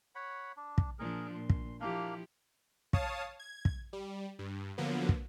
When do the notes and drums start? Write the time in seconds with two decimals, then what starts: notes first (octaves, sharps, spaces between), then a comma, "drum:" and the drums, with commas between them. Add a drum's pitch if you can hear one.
0.15 C#5 F#5 B5
0.57 D4
0.78 drum: kick
0.99 A#2 F3 D4 G#4 A#4
1.35 A#2 C6
1.50 drum: kick
1.81 F3 A#3 D4 E4 G4 F5
2.93 C#5 F5 A5 D#6, drum: kick
3.39 G#6
3.65 drum: kick
3.93 G3
4.39 G2
4.78 D3 F3 F#3 A#3 B3
5.09 drum: kick